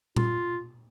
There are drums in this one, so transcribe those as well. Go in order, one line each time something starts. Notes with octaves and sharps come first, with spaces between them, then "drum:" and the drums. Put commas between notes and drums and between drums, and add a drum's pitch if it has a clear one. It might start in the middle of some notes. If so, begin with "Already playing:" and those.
F4, drum: tom A#2